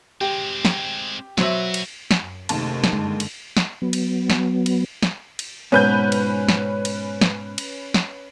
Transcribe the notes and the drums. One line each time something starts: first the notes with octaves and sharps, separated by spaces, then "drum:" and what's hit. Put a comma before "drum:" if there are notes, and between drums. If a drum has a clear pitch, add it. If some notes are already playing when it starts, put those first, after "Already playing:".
G#3 C4 G4
drum: snare
F#3 F#4 B4 C5 E5, drum: snare
drum: cymbal
drum: snare
F#2
F#1 D#2 C3 A3 A5, drum: cymbal
drum: snare
G2 D3 G#3
drum: cymbal
drum: snare
F#3 B3
drum: cymbal
drum: snare
drum: cymbal
drum: snare
drum: cymbal
G#2 B2 C#4 B4 G6
drum: cymbal
drum: snare
drum: cymbal
drum: snare
drum: cymbal
drum: snare